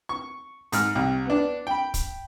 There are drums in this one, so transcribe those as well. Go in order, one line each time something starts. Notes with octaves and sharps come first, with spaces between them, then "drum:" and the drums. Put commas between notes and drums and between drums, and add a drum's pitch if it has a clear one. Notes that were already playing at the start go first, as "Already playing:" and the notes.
C#6
G#2 F6, drum: hi-hat
C2
B3 D4
G5 B5
drum: kick, hi-hat